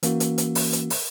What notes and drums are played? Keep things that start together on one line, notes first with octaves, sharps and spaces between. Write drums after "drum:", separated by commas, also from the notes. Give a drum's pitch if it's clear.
E3 A#3 C#4 F#4, drum: hi-hat
drum: hi-hat
drum: hi-hat
drum: open hi-hat
drum: hi-hat
drum: open hi-hat